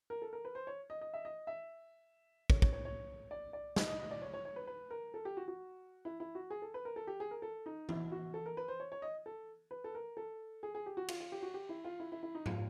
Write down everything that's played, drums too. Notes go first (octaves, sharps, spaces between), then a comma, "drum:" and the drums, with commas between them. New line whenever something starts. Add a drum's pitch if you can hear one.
A#4
A4
A#4
B4
C5
C#5
D#5
D#5
E5
D#5
E5
C#5, drum: kick
C#5, drum: kick
C#5
C#5
D5
D5
D#5, drum: snare
D#5
D#5
D5
C#5
C#5
C#5
B4
B4
A#4
A4
G4
F#4
F#4
E4
E4
F#4
G#4
A4
B4
A#4
A4
G4
G#4
A#4
A4
D#4
E4, drum: tom E3
F#4
A4
A#4
B4
C5
C#5
C#5
D#5
A4
B4
A4
A#4
A4
G#4
G#4
G4
F#4
F4, drum: cymbal
F4
G4
F#4
G4
E4
F4
E4
E4
E4
D#4
F4, drum: tom G#2